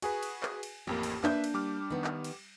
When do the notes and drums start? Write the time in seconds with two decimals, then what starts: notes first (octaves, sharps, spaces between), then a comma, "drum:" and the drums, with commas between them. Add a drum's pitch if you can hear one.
0.02 F#4 G#4 B4 G#5, drum: cymbal
0.23 drum: cymbal
0.43 drum: clap
0.63 drum: cymbal
0.87 A1 F2 A#3 G4
1.03 drum: cymbal
1.24 A#3 D4 B4 E5 G6, drum: clap
1.44 drum: cymbal
1.54 G3 D6 F6
1.90 D#3 B3
2.04 drum: clap
2.24 drum: cymbal